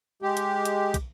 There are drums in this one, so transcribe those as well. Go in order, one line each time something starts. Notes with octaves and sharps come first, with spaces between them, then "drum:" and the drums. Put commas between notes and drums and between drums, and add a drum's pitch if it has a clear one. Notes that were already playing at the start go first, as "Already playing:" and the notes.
G#3 G4
drum: hi-hat
drum: hi-hat
drum: kick, hi-hat